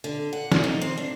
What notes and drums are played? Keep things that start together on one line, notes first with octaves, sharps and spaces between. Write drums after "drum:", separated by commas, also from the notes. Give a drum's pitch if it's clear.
D3
F#5
D5, drum: snare
D#4
C4
D4